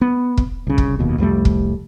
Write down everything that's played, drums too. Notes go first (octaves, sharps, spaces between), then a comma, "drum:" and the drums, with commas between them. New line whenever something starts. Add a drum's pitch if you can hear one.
B3
drum: kick
C2 C#3
drum: kick
F1 D#2 B2
C2 F2 G3 A3
drum: kick